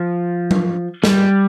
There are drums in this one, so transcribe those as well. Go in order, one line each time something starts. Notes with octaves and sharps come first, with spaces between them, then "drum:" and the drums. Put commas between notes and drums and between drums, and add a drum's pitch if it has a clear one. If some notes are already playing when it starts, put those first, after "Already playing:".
Already playing: F3
drum: tom F#3
G3, drum: snare